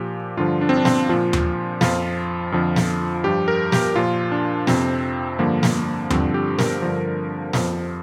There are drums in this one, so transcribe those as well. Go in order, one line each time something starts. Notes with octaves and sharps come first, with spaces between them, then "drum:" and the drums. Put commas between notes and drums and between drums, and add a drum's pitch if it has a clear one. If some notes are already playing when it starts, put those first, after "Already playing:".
Already playing: A#2 F3 G4
G2 D3 F3 F4
D4
C4
D4
C4, drum: snare
A#2 F3 F4
drum: tom D#2
F2 F3 F4, drum: snare
F2 D3 F3
drum: snare
G2 F3 G4
A#4
G4, drum: snare
A#2 F3 F4
D4
F2 C3 F3 C4, drum: snare
G2 D3 F3 A#3
drum: snare
G2 D3 F3 C4, drum: tom D#2
G4
A#4, drum: snare
G2 D3 F3
F2 F3, drum: snare